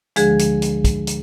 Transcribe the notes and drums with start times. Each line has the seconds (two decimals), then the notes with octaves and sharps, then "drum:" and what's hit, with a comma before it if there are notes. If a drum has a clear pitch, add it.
0.16 D2 D3 F3 G#3 G#4, drum: hi-hat
0.39 drum: hi-hat
0.62 drum: hi-hat
0.84 drum: kick, hi-hat
1.07 drum: hi-hat